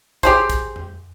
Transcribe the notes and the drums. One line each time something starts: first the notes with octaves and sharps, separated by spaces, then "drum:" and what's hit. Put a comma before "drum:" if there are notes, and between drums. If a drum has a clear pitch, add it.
G4 G#4 C5, drum: kick, hi-hat
drum: kick, hi-hat
drum: tom F2